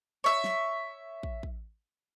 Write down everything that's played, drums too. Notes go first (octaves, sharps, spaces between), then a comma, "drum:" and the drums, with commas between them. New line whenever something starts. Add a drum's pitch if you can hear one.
C#5 E5
drum: snare
drum: kick
drum: kick